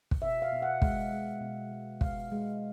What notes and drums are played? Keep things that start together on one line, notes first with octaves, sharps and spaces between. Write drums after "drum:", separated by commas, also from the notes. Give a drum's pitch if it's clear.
drum: kick
B2 E5
F5
B2
F#5
G#3, drum: kick
G#3
B2
G#3
G#3 F5, drum: kick
G#3